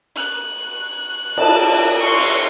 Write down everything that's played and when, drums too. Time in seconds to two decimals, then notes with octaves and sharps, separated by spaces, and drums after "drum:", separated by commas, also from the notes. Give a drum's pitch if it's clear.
0.17 F#6
1.37 A5, drum: cymbal
2.03 F5 C6 C#6
2.19 drum: open hi-hat